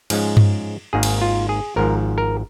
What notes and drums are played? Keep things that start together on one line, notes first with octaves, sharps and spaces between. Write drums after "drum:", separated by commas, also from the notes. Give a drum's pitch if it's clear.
G#2 F3 G#3 C#4, drum: cymbal
drum: tom G2
G#1 G#2 D#3 A#3 G#4
drum: cymbal
F4
G#4
G#1 G#2 F3 A#4
A#4